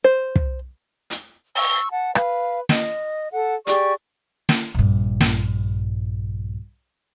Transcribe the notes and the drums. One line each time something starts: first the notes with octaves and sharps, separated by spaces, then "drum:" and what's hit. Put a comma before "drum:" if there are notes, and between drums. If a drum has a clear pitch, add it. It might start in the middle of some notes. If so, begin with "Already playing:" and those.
C5
drum: kick
drum: hi-hat
C#6 E6, drum: open hi-hat
F#5 A5
B4 F5, drum: rim click
D#5, drum: snare
A4 F#5
G4 G#4 D5 C#6, drum: hi-hat
drum: snare
A#1 G2
drum: snare